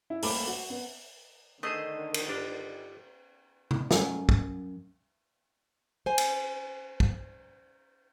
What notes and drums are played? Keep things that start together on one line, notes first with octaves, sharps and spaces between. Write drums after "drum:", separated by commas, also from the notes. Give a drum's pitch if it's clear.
E4
D#1 A3 A#3 B5 D6, drum: open hi-hat
F#4
B3
D3 D#3 A3 G#4 C5 D#5
drum: cymbal
G1 D4 A#4
drum: tom C3
F#2, drum: snare
drum: kick
C5 G#5
drum: cymbal
drum: kick